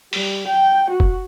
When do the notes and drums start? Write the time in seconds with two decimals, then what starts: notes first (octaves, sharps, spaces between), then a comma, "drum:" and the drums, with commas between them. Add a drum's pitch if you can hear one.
0.13 G3, drum: open hi-hat
0.48 G5
0.91 F#4
1.00 drum: kick F1